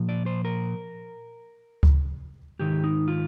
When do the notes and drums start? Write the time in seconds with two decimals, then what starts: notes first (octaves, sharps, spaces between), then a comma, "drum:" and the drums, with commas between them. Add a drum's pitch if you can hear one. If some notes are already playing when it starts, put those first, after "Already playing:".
Already playing: A#2 F3
0.09 D5
0.26 C5
0.45 A#4
1.83 drum: kick C#2
2.59 G#2 D#3 G4
2.84 D#4
3.08 F4